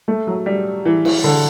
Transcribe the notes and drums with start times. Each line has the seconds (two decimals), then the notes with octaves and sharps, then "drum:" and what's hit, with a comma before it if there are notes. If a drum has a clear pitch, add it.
0.08 A3
0.27 F#3
0.46 G3
0.85 E3
1.05 E3, drum: cymbal
1.24 D3